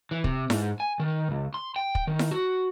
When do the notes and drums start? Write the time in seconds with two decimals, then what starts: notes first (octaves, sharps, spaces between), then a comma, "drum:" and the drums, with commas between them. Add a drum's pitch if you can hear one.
0.11 E3
0.24 C3, drum: kick
0.50 G#2, drum: snare E4
0.80 G#5
1.00 D#3
1.31 C#2
1.54 C6
1.76 G5
1.95 drum: kick
2.07 D#3
2.19 drum: snare E4
2.31 F#4